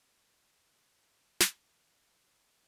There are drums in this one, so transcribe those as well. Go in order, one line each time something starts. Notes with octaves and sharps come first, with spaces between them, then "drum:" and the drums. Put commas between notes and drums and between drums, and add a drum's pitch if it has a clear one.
G2
E2
C#3
D2, drum: snare
A#2
D#3
F1
C3
F#1